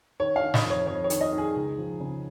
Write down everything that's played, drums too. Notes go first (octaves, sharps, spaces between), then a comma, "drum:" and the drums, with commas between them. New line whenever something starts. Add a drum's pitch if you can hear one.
D#3 C#5
F5
D#3
D#5, drum: snare
F2
C#5
F2 C#5
C#5
D#3, drum: hi-hat
D#5
D#3
G#4
C#2
F3
C#3